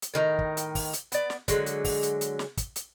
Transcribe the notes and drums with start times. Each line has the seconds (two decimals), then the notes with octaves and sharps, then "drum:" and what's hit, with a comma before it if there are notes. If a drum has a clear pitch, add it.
0.02 drum: hi-hat
0.14 A2 D#3 D#4 A#5
0.39 drum: kick
0.57 drum: hi-hat
0.75 drum: kick, open hi-hat
0.93 drum: hi-hat
1.12 B3 D5, drum: hi-hat
1.30 drum: snare
1.48 D3 F#3 G#3, drum: kick, hi-hat
1.66 drum: hi-hat
1.84 drum: kick, open hi-hat
2.03 drum: hi-hat
2.21 drum: hi-hat
2.39 drum: snare
2.57 drum: kick, hi-hat
2.76 drum: hi-hat